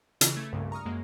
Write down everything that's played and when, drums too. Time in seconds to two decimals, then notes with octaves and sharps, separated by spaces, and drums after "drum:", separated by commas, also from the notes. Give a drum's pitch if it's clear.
0.21 C#3 E3, drum: hi-hat
0.36 A3 G#6
0.52 C2 G2 A#2 C#3
0.72 A#5 C#6 D#6 F6
0.85 F#2 G#3 A#3